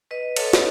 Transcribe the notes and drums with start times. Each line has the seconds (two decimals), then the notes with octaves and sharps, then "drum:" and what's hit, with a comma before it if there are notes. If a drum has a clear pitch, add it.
0.11 B4 D#5
0.36 A4 C#5, drum: cymbal
0.53 drum: snare